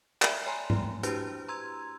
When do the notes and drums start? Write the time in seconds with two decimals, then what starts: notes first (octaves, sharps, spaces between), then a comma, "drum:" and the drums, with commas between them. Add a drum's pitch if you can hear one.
0.22 A#4 D5 E5 G5 G#5 B5, drum: clap
0.46 C#5 G5 G#5 A#5 C6
0.70 A3, drum: tom G#2
1.03 D4 E4 F#4 G4 B4 C5, drum: hi-hat
1.48 A#5 C6 E6 G#6